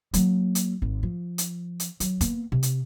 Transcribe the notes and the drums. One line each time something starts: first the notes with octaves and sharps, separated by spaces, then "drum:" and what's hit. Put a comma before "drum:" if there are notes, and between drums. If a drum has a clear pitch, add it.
F#3 A#3, drum: hi-hat
drum: hi-hat
G#1
F3
drum: hi-hat
drum: hi-hat
F#3, drum: hi-hat
A#3 B3, drum: kick F1, hi-hat
C3
drum: hi-hat